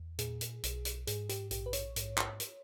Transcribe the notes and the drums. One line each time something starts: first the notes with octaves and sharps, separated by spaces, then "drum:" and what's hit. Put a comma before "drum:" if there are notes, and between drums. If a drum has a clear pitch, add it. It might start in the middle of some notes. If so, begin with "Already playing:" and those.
Already playing: E2
A#2 G#4, drum: hi-hat
drum: hi-hat
B1, drum: hi-hat
drum: hi-hat
G#2 G#4, drum: hi-hat
G4, drum: hi-hat
A#1 G4, drum: hi-hat
B4
C#5, drum: hi-hat
G#2, drum: hi-hat
drum: clap
drum: hi-hat